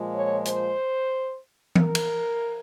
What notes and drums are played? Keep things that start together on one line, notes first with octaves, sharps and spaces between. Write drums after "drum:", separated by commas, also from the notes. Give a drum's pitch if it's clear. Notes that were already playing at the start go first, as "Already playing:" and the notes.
Already playing: A#2 F3 G#3
C#5
C5, drum: hi-hat
A#4, drum: tom E3
drum: cymbal